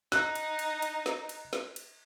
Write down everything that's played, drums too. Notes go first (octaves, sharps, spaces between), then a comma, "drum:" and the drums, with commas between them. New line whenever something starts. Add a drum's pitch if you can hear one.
D#4 F#6, drum: snare
drum: cymbal
drum: cymbal
drum: cymbal
drum: snare
drum: cymbal
drum: snare
drum: cymbal